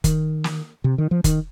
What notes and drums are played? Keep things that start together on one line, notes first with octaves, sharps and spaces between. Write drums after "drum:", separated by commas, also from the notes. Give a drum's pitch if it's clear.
D#3, drum: kick, hi-hat
drum: snare
C3
D#3
F3
D#3, drum: kick, hi-hat